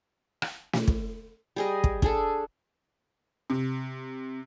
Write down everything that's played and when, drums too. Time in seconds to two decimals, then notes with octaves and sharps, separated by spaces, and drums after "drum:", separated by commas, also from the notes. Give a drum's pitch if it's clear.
0.42 drum: rim click
0.73 drum: snare
0.87 drum: kick
1.56 G3 G#4 D#5
1.84 drum: kick
2.02 D4 G#4 A4, drum: kick
3.50 C3